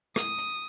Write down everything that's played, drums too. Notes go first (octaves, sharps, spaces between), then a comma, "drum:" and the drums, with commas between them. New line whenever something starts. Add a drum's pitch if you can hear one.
D#6, drum: rim click
drum: hi-hat